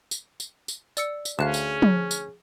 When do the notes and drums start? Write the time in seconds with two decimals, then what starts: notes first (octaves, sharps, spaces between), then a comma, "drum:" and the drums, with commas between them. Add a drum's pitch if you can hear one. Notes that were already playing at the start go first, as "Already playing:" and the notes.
0.11 drum: tambourine
0.40 drum: tambourine
0.68 drum: tambourine
0.97 D5 E6 C#7, drum: tambourine
1.25 drum: tambourine
1.39 D2 C#4 G#4 F5 F#6 E7
1.54 drum: tambourine
1.82 drum: tom F3
2.11 drum: tambourine